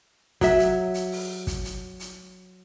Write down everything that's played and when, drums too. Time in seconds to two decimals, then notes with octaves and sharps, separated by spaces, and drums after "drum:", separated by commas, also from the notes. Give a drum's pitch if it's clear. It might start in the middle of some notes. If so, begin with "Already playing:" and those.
0.41 F#3 E5, drum: kick, hi-hat
0.59 drum: hi-hat
0.94 drum: hi-hat
1.12 drum: open hi-hat
1.47 drum: kick, hi-hat
1.64 drum: hi-hat
2.00 drum: hi-hat